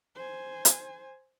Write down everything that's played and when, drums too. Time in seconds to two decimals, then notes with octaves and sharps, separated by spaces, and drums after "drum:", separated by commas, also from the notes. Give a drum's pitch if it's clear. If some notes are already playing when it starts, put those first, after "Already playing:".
0.15 C5 G#5
0.65 drum: hi-hat